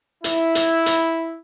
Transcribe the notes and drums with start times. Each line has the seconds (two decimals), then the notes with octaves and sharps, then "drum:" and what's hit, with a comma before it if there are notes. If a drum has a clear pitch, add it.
0.24 E4, drum: hi-hat
0.55 drum: hi-hat
0.86 drum: hi-hat